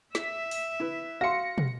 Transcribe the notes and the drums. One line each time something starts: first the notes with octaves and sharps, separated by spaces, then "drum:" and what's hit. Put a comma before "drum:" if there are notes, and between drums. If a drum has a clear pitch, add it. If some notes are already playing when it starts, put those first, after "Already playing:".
E5 B6, drum: snare
drum: open hi-hat
E4 B4
F#4 F5 C6 A#6 C#7
drum: tom